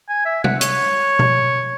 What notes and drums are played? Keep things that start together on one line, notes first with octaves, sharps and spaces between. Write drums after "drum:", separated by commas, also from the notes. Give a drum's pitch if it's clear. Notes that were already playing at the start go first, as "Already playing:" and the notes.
G#5
E5
F#5, drum: tom
C#5, drum: hi-hat
drum: tom B2